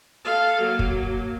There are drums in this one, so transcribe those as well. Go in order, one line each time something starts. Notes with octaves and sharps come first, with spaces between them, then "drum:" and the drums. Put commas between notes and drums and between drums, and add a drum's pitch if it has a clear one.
A4 F5
F#3 A#3
drum: kick